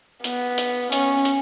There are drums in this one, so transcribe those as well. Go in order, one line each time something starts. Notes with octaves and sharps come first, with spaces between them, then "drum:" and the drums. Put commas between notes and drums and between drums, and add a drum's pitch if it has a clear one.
B3, drum: hi-hat
drum: hi-hat
C#4, drum: hi-hat
drum: hi-hat